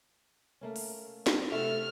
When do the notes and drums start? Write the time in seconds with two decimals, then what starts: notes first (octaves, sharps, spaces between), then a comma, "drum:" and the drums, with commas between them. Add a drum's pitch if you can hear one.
0.61 A3 A#3 C#4
0.76 drum: open hi-hat
1.27 drum: snare
1.52 C3 A3 E5 F#5 F6